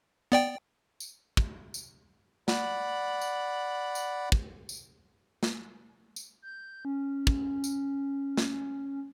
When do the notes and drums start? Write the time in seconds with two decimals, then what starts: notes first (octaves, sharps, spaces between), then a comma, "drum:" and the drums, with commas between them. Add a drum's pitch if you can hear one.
0.32 B3 D5 G5
1.00 drum: tambourine
1.37 drum: kick
1.74 drum: tambourine
2.48 D5 F#5 B5, drum: snare
3.22 drum: tambourine
3.95 drum: tambourine
4.32 drum: kick
4.69 drum: tambourine
5.43 drum: snare
6.16 drum: tambourine
6.42 G6
6.85 C#4
7.27 drum: kick
7.64 drum: tambourine
8.37 drum: snare